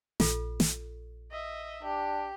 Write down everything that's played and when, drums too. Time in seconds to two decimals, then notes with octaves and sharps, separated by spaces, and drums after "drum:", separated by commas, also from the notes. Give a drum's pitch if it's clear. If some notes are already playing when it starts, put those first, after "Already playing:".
0.20 A#1 F4 A4, drum: snare
0.60 drum: snare
1.32 D#5 E5
1.83 D4 G4